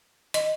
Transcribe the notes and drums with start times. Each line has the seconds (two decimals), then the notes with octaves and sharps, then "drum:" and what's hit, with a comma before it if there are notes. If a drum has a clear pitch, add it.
0.34 D#5, drum: hi-hat